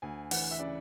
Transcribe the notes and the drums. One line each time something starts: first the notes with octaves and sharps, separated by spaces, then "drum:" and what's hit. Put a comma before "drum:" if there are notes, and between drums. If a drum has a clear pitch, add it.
D2 G#5
E3 F#5, drum: open hi-hat
E5
C#3 D5